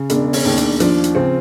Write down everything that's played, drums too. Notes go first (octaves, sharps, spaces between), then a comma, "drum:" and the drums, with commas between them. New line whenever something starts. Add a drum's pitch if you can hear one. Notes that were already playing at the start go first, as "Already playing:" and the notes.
Already playing: C#3
E1 D4, drum: hi-hat
C#4, drum: open hi-hat
D#2
D4, drum: hi-hat
F3 D4, drum: hi-hat
drum: hi-hat
C#3 C4